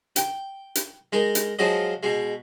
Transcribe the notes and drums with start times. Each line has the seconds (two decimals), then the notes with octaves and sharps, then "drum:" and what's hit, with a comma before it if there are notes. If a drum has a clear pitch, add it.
0.16 G5, drum: hi-hat
0.75 drum: hi-hat
1.13 G#3 D#4 A#4
1.35 drum: hi-hat
1.59 F3 F#3 G#3 D#5
2.03 B2 G#3